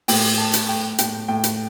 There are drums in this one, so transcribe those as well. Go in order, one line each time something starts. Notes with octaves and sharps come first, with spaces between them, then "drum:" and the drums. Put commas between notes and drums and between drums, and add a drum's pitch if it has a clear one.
A2 G5, drum: open hi-hat
A3 A5
drum: hi-hat
A3 G5
A2 G5, drum: hi-hat
A2 G5
drum: hi-hat